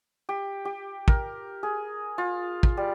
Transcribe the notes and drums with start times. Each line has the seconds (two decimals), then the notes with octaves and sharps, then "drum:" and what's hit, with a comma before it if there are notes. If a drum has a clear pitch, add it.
0.29 G4
0.65 G4
1.08 A#4, drum: kick
1.63 G#4
2.18 F4
2.63 drum: kick
2.77 G3